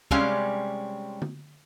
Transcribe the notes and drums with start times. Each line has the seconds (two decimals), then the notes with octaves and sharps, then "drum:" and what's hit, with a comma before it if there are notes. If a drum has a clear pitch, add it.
0.11 C3 G3 G#3 C#4 F5, drum: kick
1.22 drum: tom D3